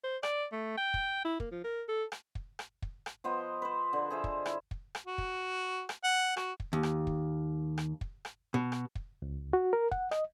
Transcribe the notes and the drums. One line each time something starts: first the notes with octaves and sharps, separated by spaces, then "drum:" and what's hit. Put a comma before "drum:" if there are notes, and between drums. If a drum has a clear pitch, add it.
C5
D5, drum: rim click
A3
G5
drum: kick
E4
A#3, drum: kick
F3
A#4
A4
drum: rim click
drum: kick
drum: rim click
drum: kick
drum: rim click
F3 B3 C5 D#5
B4 C5
D3
G#4 C5 E5
drum: kick
E4, drum: rim click
drum: kick
drum: rim click
F#4
drum: kick
drum: rim click
F#5
F#4, drum: rim click
drum: kick
D#2
drum: rim click
drum: kick
drum: rim click
drum: kick
drum: rim click
B2
drum: rim click
drum: kick
C#2
F#4
A#4
F#5, drum: kick
D#5, drum: rim click